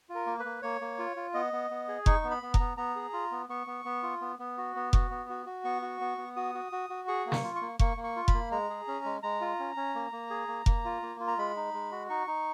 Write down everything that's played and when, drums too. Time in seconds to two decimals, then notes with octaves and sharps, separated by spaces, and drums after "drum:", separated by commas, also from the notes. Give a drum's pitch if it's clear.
0.09 F4
0.15 A#4
0.26 A#3
0.40 B4
0.45 A#3
0.62 A#3 C#5
0.81 A#3
0.99 F4
1.16 F4
1.34 B3 D#5
1.53 B3
1.70 B3
1.88 G#4
2.06 D#4 C#6, drum: kick F1
2.24 B3
2.31 B5
2.43 B3
2.54 A#5, drum: kick F1
2.59 B3
2.77 B3 A#5
2.96 G#4
3.13 F4
3.32 B3
3.49 B3 C#6
3.67 B3
3.85 B3
4.03 F4
4.21 B3
4.39 B3
4.58 F#4
4.76 B3
4.93 F#4, drum: kick F1
5.11 B3
5.29 F#4
5.46 F#4
5.65 B3 C#6
5.82 F#4
6.01 B3
6.18 B3
6.36 F#4 D#6
6.55 F#4
6.72 F#4
6.90 F#4
7.08 G#4 C#6
7.26 A#3
7.32 C#6, drum: snare
7.44 F4
7.56 C#6
7.62 A#3
7.79 A#3 C#6, drum: kick F1
7.97 A#3
8.04 C#6
8.16 F4
8.28 B5, drum: kick F1
8.34 A#3
8.51 G#3 A#5
8.70 G#4
8.88 C#4
9.05 G#3
9.23 G#3 A#5
9.41 F4
9.60 C#4
9.77 C#4
9.95 A#3
10.12 A#3
10.30 G#4
10.48 A#3
10.66 A#3, drum: kick F1
10.85 F4
11.02 A#3
11.20 F4
11.27 A#5
11.38 G#3 B5
11.56 D#4
11.74 G#3
11.92 F#4
12.10 D#4 C#6
12.27 D#4